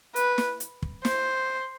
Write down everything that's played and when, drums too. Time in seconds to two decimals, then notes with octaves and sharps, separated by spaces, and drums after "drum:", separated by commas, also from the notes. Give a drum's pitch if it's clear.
0.16 B4, drum: hi-hat
0.38 drum: snare
0.60 drum: hi-hat
0.82 drum: kick
1.05 C5, drum: snare